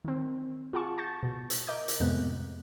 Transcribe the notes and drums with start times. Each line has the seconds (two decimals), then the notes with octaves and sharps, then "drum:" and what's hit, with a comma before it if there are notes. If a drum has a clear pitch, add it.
0.05 D#3 C4
0.73 F4 G#4 F#5 A5 C#6
0.98 A5 C#6 G6 A6
1.23 B2
1.50 drum: hi-hat
1.67 A#4 D#5 D6 G6
1.88 drum: hi-hat
2.00 F2 A2 C3 G#3 B3 F#6